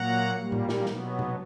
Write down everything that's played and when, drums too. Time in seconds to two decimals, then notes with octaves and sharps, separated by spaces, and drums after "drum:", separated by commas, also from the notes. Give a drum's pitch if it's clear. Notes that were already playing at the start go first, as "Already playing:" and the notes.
Already playing: A#2 F#3 A#3 F#5 A#5
0.35 A#2 G3 A#3
0.52 drum: tom A2
0.69 drum: snare
0.86 B2 F#3 B3, drum: snare
1.19 drum: tom C3